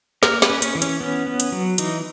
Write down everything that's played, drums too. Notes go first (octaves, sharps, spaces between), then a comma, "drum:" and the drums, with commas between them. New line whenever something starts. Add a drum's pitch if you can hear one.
A#3 A#4, drum: snare
B4, drum: snare
C#4
C#4, drum: hi-hat
E3
C#4, drum: hi-hat
B3 C#4
B3
drum: hi-hat
F#3
E3 D#4, drum: hi-hat